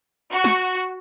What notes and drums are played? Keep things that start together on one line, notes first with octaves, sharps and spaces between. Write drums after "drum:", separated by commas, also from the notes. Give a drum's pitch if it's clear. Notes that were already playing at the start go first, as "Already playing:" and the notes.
F#4
drum: snare